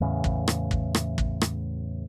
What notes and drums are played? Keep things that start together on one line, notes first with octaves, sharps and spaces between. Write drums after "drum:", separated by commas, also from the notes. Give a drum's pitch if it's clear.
E2 A2 C#3
drum: kick
drum: rim click
drum: kick
drum: rim click
drum: kick
drum: rim click